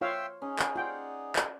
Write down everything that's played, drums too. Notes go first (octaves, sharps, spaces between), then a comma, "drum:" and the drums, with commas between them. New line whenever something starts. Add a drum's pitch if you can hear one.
F4 C#5 E5 F5 G5 C6
C#4 D#4 G#4
drum: clap
F4 D5 F#5 G5
drum: clap